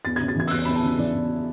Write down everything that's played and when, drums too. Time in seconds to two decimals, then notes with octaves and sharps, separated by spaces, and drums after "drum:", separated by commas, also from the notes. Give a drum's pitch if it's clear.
0.05 E2 A6
0.16 G#6
0.20 C#3
0.28 A6
0.36 E3 G#6
0.47 E6, drum: open hi-hat
0.51 E2 F#6
0.65 E2 B5
0.75 A5
0.83 C#3
0.98 E3 D5
1.14 E2